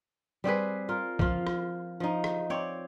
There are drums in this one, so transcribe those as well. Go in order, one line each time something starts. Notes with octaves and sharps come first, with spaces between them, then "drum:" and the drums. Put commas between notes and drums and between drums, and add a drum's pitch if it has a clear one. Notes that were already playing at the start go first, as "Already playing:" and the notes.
G3 C4 G#4 B4
F4 A#4
F3 F4, drum: kick B1
drum: rim click
F3 D#4
drum: rim click
C4 C#5 D5